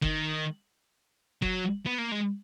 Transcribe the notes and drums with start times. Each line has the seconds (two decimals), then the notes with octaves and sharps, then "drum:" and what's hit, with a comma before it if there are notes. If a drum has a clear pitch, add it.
0.02 D#3, drum: kick F#1
1.42 F#3, drum: kick F#1
1.86 B3
1.98 A#3
2.12 G#3